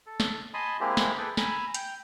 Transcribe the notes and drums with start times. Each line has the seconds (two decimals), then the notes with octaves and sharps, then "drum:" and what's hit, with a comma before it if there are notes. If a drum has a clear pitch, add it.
0.06 A4
0.20 drum: snare
0.54 D#5 G#5 A5 B5 C6 D#6
0.80 G#3 A#3 C4 E4 G4 G#4
0.97 drum: snare
1.18 G#4 A4 B4 G5
1.37 G#5 A#5 B5 E6, drum: snare
1.74 G5, drum: hi-hat